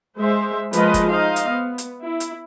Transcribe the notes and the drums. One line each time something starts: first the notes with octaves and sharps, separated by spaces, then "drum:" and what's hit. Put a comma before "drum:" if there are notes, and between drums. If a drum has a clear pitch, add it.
G#3 C5 E5
F3 G#3 A#3 F4 B4 D#5, drum: hi-hat
drum: kick, hi-hat
D#4 C5 D#5 F5
drum: hi-hat
B3
drum: hi-hat
E4
drum: hi-hat